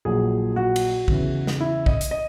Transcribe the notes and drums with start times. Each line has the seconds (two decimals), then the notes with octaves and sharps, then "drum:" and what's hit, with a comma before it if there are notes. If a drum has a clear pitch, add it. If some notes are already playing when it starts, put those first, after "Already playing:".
0.05 A#1 A#2 F#3 G#4
0.56 F#4
0.76 drum: cymbal
1.08 E2 C#3 E3, drum: kick
1.47 drum: snare
1.60 E4
1.86 D#5, drum: kick
2.01 drum: hi-hat
2.11 D#5